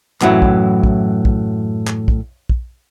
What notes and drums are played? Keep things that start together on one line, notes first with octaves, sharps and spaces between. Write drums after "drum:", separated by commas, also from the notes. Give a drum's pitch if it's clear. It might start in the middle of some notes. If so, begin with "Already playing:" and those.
F#2 A2 E3 F#3 E4, drum: clap
drum: kick
drum: kick
drum: kick
drum: clap
drum: kick
drum: kick